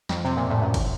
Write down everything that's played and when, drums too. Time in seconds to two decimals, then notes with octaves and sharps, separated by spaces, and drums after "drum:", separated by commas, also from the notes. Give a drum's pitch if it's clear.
0.09 F2, drum: snare
0.24 C3
0.37 A#2
0.50 A2
0.61 F#2
0.74 drum: kick, cymbal